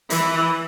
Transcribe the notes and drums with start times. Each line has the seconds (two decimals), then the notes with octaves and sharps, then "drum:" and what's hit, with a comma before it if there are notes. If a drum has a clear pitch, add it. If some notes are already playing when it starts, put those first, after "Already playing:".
0.10 E3, drum: hi-hat